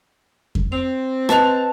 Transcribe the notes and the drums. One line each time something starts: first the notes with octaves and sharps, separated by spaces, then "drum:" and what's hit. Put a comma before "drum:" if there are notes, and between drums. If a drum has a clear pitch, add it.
drum: kick F2
C4 F7
B4 D#5 A5 F#6 F7, drum: rim click